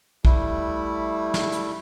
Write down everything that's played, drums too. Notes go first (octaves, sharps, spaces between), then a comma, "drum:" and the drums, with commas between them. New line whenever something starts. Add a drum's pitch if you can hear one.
G3 A3 E4, drum: kick
drum: snare
drum: hi-hat